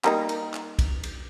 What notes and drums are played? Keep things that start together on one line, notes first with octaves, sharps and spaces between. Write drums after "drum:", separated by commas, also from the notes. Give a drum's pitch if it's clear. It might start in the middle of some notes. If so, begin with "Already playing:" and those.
G3 A#3 D#4, drum: clap
drum: cymbal
drum: clap
drum: kick, cymbal
drum: cymbal